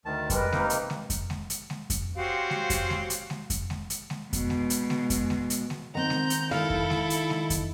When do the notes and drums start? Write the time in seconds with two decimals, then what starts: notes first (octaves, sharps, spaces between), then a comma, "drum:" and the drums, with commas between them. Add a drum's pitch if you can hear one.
0.05 D2 D#3 A5
0.30 G3 G#3 A#4 B4, drum: kick F2, hi-hat
0.52 C3 A#3 D#4, drum: snare G#3
0.70 drum: hi-hat
0.90 drum: snare G#3
1.10 drum: kick F2, hi-hat
1.30 drum: snare G#3
1.50 drum: hi-hat
1.70 drum: snare G#3
1.90 drum: kick F2, hi-hat
2.16 C4 C#4 F#4 G4 C5 F5
2.50 drum: snare G#3
2.70 drum: kick F2, hi-hat
2.90 drum: snare G#3
3.10 drum: hi-hat
3.30 drum: snare G#3
3.50 drum: kick F2, hi-hat
3.70 drum: snare G#3
3.90 drum: hi-hat
4.10 drum: snare G#3
4.33 B2 G#3, drum: kick F2, hi-hat
4.50 drum: snare G#3
4.70 drum: hi-hat
4.90 drum: snare G#3
5.10 drum: kick F2, hi-hat
5.30 drum: snare G#3
5.50 drum: hi-hat
5.70 drum: snare G#3
5.95 D#3 C4 F#5 A#5 G6
6.10 drum: snare G#3
6.30 drum: hi-hat
6.51 E4 A4 F5, drum: snare G#3
6.70 drum: kick F2
6.90 drum: snare G#3
7.10 drum: hi-hat
7.30 drum: snare G#3
7.50 drum: kick F2, hi-hat